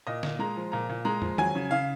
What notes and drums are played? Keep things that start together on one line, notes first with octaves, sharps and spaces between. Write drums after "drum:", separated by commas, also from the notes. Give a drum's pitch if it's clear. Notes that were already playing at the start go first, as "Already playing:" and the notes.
A#2 D#5
A#2, drum: snare
G#3 A#5
F3
A#2 A#5
A#2
G#3 A#5
F3, drum: tom
F#3 G#5, drum: tom D#3
C#3
C#3 F5